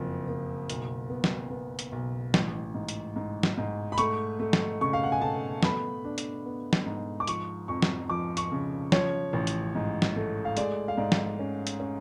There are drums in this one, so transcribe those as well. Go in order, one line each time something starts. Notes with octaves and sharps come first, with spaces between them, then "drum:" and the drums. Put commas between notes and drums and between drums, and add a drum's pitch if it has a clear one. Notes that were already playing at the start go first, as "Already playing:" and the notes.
Already playing: F#1 F2 F3
F#1
B1, drum: hi-hat
B3
drum: snare
B3
drum: hi-hat
B1
A1, drum: snare
G#2
drum: hi-hat
G#2
drum: snare
G#2
B5
A3 C#6, drum: hi-hat
A3
drum: snare
C#3 C#6
F5
F#5
G#5
A3 A5
B3 B5, drum: snare
D4
drum: hi-hat
B3
drum: snare
G#2
D6
F3 C#6, drum: hi-hat
F2 C#6
drum: snare
F3 D6
C#6, drum: hi-hat
C#3
F3 C#5, drum: snare
A1
drum: hi-hat
G#2
drum: snare
A3
F5
G#3 D5, drum: hi-hat
F5
G#2 D5
drum: snare
C#4
drum: hi-hat
C#4